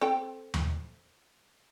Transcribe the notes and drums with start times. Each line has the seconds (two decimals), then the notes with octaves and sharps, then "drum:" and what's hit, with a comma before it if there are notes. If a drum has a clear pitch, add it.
0.01 C4 A4 G5
0.54 drum: tom D#2